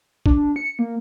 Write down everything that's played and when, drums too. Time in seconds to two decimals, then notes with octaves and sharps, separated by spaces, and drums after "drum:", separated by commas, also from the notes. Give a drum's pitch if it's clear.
0.26 D4, drum: kick
0.56 C#7
0.79 A#3